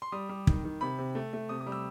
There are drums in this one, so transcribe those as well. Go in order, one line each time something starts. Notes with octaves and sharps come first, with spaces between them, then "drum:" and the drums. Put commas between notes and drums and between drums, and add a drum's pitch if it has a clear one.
C6
G3 D#6
G3
D#3, drum: kick
D#3
C3 B5
C3
A3
A3
C3 D#6
D#6
G3
E6